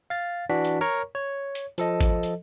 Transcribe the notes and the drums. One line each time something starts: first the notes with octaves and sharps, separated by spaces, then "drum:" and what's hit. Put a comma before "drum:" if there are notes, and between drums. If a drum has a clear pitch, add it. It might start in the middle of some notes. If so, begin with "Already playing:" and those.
F5 A6
E3 D4 F#4 B6
drum: hi-hat
A#4 C#5 A#5 C#6
C#5
drum: hi-hat
F3 A4 D#5, drum: hi-hat
drum: kick G#1, hi-hat
drum: hi-hat